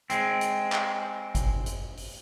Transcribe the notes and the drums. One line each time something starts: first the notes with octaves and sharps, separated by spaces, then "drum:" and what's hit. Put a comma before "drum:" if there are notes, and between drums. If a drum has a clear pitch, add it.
G#3 C4, drum: hi-hat
drum: hi-hat
drum: clap
drum: kick G1, hi-hat
drum: hi-hat
drum: open hi-hat